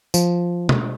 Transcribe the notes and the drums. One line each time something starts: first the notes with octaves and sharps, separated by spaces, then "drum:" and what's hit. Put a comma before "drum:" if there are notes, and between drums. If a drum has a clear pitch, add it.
F3, drum: tambourine
drum: tom B2